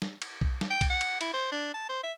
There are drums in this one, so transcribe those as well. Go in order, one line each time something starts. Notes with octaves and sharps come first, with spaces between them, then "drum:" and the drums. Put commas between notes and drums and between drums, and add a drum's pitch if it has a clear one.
drum: snare
drum: cymbal
drum: kick B1
drum: snare
G5
drum: kick B1, cymbal
F#5
drum: cymbal
E4, drum: cymbal
C5
D4
A5
C5
E5